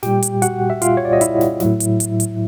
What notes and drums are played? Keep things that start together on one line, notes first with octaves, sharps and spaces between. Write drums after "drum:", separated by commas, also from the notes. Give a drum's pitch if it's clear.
A#2 G3 G4 G5, drum: snare
drum: hi-hat
F#4 F#5, drum: hi-hat
E5
F4 F5, drum: hi-hat
C#5
D5
D#5
E4 E5, drum: hi-hat
drum: snare
A2 F#3, drum: snare
drum: hi-hat
drum: hi-hat
drum: hi-hat